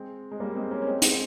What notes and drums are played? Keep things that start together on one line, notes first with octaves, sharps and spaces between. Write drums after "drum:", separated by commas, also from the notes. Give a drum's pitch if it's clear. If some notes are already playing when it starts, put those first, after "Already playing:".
Already playing: G#3 C4
G#3
G3 A#3
G#3 C4
A#3 C#4
C#4
G#3 C4
G#3 C4, drum: hi-hat